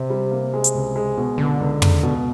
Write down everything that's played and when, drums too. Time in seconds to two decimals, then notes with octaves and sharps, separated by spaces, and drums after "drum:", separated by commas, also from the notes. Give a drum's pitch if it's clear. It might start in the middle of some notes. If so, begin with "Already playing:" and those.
Already playing: C3
0.10 G3
0.31 A#3
0.54 G#3
0.64 drum: hi-hat
0.75 C#2
0.96 G#3
1.17 B2
1.38 C#2 D3
1.60 C#2
1.82 C#2, drum: tom
2.03 B2